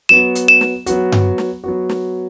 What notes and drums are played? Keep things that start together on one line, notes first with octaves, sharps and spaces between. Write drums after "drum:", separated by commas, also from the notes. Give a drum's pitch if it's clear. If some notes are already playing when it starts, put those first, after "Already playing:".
F#3 B3 F#4 E7
drum: hi-hat
E7
drum: snare
F#3 B3 F#4, drum: hi-hat
drum: tom G2
drum: snare
F#3 B3 F#4
drum: snare